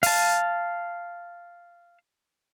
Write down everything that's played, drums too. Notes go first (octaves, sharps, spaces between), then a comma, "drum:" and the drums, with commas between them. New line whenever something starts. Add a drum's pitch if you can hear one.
F5 A5, drum: open hi-hat